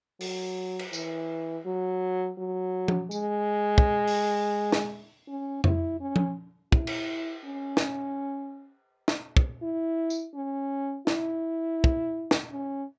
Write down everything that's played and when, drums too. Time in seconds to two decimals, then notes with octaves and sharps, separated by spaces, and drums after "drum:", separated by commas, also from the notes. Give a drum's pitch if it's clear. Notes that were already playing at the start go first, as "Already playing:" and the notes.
0.21 F#3, drum: open hi-hat
0.79 drum: cymbal
0.93 E3, drum: tambourine
1.66 F#3
2.38 F#3
2.88 drum: tom F3
3.11 G#3, drum: tambourine
3.78 drum: kick
4.07 drum: open hi-hat
4.72 drum: snare
5.28 C#4
5.64 E4, drum: tom F2
6.01 C#4
6.16 drum: tom F3
6.72 E4, drum: kick
6.87 drum: cymbal
7.45 C#4
7.77 drum: snare
9.08 drum: snare
9.37 drum: kick
9.62 E4
10.10 drum: tambourine
10.35 C#4
11.07 E4, drum: snare
11.84 drum: kick
12.31 drum: snare
12.52 C#4